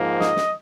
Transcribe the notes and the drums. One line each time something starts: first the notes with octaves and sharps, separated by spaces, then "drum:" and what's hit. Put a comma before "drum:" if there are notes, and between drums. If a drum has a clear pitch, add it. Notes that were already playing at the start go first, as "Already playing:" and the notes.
Already playing: G#2 F3 A#3
D#5, drum: snare
drum: snare